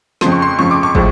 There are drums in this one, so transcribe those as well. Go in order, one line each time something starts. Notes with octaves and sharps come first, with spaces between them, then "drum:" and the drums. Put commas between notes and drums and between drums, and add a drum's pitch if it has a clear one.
F2 C#3 F3 C6, drum: snare
C#6
C6
F2 C#3 F3 C#6
D6
C#6
A2 F3 G#3, drum: kick